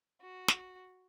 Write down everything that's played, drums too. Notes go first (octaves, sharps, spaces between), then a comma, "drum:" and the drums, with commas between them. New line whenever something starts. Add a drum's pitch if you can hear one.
F#4
drum: snare